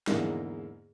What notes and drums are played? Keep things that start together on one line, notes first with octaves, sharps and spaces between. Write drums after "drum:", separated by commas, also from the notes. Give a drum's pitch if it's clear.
E2 G#2 D3 G#3 A#3 E4, drum: snare